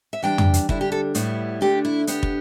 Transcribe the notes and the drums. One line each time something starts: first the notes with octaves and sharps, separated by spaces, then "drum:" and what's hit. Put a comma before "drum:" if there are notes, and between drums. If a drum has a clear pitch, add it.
E5
E3 G3 D4 G5
drum: tom F2
drum: hi-hat
D3 G3 D4 E4, drum: kick
G4
A4
A2 G3 B3 E4, drum: hi-hat
D3 A3 D4 G4
E4
D3 B3 D4 G4, drum: hi-hat
drum: kick